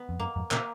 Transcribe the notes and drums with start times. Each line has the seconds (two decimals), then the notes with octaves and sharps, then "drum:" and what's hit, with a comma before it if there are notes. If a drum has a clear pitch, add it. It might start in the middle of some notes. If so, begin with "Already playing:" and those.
Already playing: B3
0.09 F2
0.19 F#2 A#3
0.36 F2 G#2
0.51 A#2 C#3 A#3, drum: clap